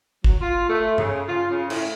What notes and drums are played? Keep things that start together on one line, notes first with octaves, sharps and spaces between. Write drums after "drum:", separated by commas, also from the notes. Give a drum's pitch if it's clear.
F#3, drum: kick
F4
A3
C#3, drum: tom G2
F4
C#3
A2, drum: cymbal